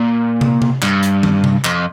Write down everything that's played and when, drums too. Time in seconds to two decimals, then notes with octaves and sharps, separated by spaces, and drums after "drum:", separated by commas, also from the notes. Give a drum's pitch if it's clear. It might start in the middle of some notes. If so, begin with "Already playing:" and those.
Already playing: A#2
0.41 drum: tom
0.62 drum: tom C3
0.82 G2, drum: clap
1.03 drum: hi-hat
1.23 drum: tom
1.44 drum: tom C3
1.64 F2, drum: clap